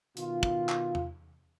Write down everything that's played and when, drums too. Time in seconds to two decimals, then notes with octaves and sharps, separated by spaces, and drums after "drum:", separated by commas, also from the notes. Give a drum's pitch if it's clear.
0.17 B2 D#3 F4, drum: hi-hat
0.43 drum: kick
0.69 drum: clap
0.95 drum: tom E2